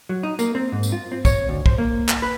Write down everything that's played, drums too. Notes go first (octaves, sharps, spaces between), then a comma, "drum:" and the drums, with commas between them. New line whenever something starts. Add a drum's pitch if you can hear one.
F#3
D#4
A#3, drum: tambourine
C4
G#2
drum: tambourine
F4
C4
C#5, drum: kick B1, tambourine
D2
C5, drum: kick B1
A#3
drum: clap
B4